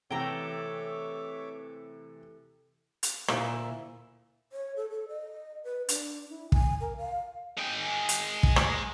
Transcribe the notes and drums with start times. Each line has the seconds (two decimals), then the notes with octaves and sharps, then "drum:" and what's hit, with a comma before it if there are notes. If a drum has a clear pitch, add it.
0.11 C3 E3 A3 C#5 E5 G5 A#5 D6
3.03 drum: hi-hat
3.28 D2 A#2 E4, drum: rim click
4.52 C#5
4.76 A4
4.90 A4
5.09 D#5
5.64 B4
5.89 D4, drum: hi-hat
6.29 E4
6.52 G#5, drum: kick
6.81 A#4
6.97 F5
7.58 G#3 G5
8.09 drum: hi-hat
8.43 drum: kick
8.56 drum: rim click